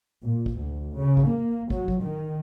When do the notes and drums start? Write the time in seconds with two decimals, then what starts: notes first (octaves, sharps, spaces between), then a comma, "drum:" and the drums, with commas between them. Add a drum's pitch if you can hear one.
0.24 A#2
0.46 drum: kick
0.57 D2
0.96 C#3
1.17 drum: kick
1.27 A#3
1.70 F#3, drum: kick
1.88 drum: kick
2.01 D#3